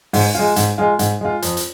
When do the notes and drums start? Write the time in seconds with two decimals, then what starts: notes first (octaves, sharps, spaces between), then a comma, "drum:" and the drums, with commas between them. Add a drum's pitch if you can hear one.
0.13 G#2, drum: open hi-hat
0.35 G#3 F4
0.56 G#2, drum: hi-hat
0.78 G#3 F4
0.99 G#2, drum: hi-hat
1.21 G#3 F4
1.42 F2, drum: hi-hat
1.57 drum: hi-hat